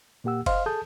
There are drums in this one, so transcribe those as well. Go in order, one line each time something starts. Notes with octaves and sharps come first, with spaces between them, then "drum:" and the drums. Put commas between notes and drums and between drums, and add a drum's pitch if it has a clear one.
A#2 A#3 G4 F#5 E6
C5 D#5 F5 C6 F6, drum: kick F#1, cymbal
G#4 A4 A5 D#6 G6